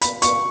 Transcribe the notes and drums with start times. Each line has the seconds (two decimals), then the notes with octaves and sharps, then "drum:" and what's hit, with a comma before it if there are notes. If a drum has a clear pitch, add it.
0.01 B5, drum: hi-hat
0.22 C#6, drum: hi-hat